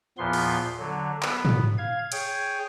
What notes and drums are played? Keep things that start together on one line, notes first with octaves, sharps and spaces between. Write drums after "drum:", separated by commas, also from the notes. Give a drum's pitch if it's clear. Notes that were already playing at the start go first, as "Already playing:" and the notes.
E2 A#2 F3 B3 C6
drum: open hi-hat
D3 F#3
B3, drum: clap
drum: tom
F5 G#6
G#4 C#5 G5, drum: cymbal